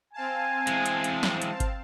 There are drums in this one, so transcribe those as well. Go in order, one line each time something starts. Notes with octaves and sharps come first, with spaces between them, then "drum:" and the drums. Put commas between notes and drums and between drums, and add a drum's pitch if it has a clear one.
C4 F5 G#5 A5
E3 G#3, drum: hi-hat
drum: hi-hat
drum: hi-hat
drum: snare
drum: hi-hat
drum: kick G1, hi-hat